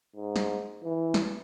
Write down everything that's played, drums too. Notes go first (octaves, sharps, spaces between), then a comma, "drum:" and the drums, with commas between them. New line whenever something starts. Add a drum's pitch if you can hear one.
G#2
drum: snare
E3
drum: snare